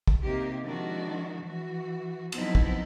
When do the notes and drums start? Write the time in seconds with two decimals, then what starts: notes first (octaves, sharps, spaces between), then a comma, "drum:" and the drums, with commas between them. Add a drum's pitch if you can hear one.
0.07 drum: kick
0.22 C3 A#3 D#4 G4
0.64 D#3 F3 G#3 D4 E4 F#4
1.43 E3 F#4
2.32 F3 F#3 B3 C4 D#4 E4, drum: cymbal
2.55 drum: kick